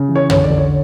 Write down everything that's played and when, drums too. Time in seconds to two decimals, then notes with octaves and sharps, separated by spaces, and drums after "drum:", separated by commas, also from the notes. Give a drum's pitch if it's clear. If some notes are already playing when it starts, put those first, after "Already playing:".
Already playing: C#3
0.09 E3
0.15 C#5
0.30 D3 C#5, drum: tom
0.44 D5
0.50 D3
0.58 C#5